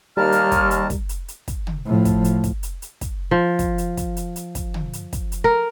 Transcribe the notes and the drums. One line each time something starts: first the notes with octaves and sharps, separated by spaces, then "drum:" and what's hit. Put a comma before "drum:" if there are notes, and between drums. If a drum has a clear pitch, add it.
D#2 G3 A#4 A5 F6
drum: hi-hat
drum: kick, hi-hat
drum: hi-hat
drum: kick, hi-hat
drum: hi-hat
drum: hi-hat
drum: kick, hi-hat
drum: tom
A2 F3
drum: kick, hi-hat
drum: hi-hat
drum: kick, hi-hat
drum: hi-hat
drum: hi-hat
drum: kick, hi-hat
F3
drum: kick, hi-hat
drum: hi-hat
drum: kick, hi-hat
drum: hi-hat
drum: hi-hat
drum: kick, hi-hat
drum: tom
drum: hi-hat
drum: kick, hi-hat
drum: hi-hat
A#4